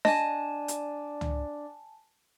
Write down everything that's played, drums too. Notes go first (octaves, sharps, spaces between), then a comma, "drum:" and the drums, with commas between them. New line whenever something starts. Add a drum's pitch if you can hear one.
D4 D#5 G#5 A5, drum: snare D4
drum: hi-hat
drum: tom